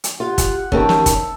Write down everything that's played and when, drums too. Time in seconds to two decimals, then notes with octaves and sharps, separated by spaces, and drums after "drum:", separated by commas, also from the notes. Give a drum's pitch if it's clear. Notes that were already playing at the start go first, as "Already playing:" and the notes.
0.04 drum: hi-hat
0.20 F4 G4 F#5
0.38 drum: kick, hi-hat
0.72 D#3 C4 C#4 E5 A5, drum: kick
0.89 drum: snare
1.06 drum: kick, hi-hat